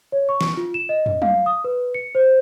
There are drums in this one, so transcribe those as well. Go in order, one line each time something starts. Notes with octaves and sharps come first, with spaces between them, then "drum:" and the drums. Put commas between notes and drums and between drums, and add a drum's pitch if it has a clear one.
C#5
C#6
drum: snare
F4
E7
D#5
drum: tom
F5, drum: tom F#3
D#6
B4
C#7
C5